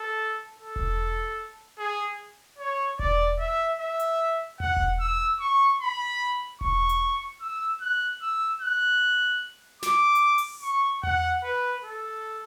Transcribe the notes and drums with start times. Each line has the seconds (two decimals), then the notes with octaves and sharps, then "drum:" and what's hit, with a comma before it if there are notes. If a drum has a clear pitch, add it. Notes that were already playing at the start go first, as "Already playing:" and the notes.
Already playing: A4
0.59 A4
0.76 drum: kick E1
1.78 G#4
2.58 C#5
2.99 D5, drum: kick E1
3.40 E5
3.80 E5
4.00 drum: hi-hat
4.60 F#5, drum: tom E2
4.77 drum: kick E1
5.00 E6
5.40 C#6
5.81 B5
6.61 C#6, drum: kick E1
6.89 drum: hi-hat
7.41 E6
7.81 F#6
8.22 E6
8.62 F#6
9.83 D6, drum: snare
10.15 drum: hi-hat
10.38 drum: open hi-hat
10.62 C#6
11.03 F#5, drum: tom E2
11.43 B4
11.84 A4